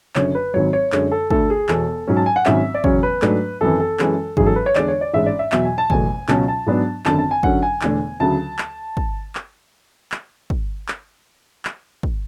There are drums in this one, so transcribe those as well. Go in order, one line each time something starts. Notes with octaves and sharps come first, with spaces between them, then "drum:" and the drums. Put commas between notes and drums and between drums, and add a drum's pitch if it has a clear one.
F#1 F#2 D3 C#5, drum: clap
B4
G#1 G#2 F#3 C#5
C#5
F#2 D3 G#3 C#5, drum: clap
A4
D2 D3 A3 A4, drum: kick
G#4
E1 E2 B2 A4, drum: clap
G#2 F#3 C#4
A5
G#5
F#5
G#1 G#2 F#3 C#4 E5, drum: clap
D5
E1 E2 C#3 F#3 C#4 C#5, drum: kick
B4
G#2 F#3 A3 D4, drum: clap
G#1 F#2 E3 A4
A4
F#2 E3 G#3 C#4, drum: clap
A1 G#2 F#3 G#4, drum: kick
A4
B4
C#5
E2 D3 G#3 D4 D5, drum: clap
C#5
D5
A1 G#2 G#3 D4 E5
D5
E5
E2 B2 F#3 E5, drum: clap
G#5
A5
F#1 E2 B2 A3 G#5, drum: kick
C#2 B2 F#3 C#4 A5, drum: clap
A5
G#2 F#3 B3 D4
G#1 F#2 D3 A5, drum: clap
A5
G#5
F#2 D3 F#3 C#4 F#5, drum: kick
G#5
E1 E2 D3 A3 D4 G#5, drum: clap
D2 C#3 F#3 A5
drum: clap
drum: kick
drum: clap
drum: clap
drum: kick
drum: clap
drum: clap
drum: kick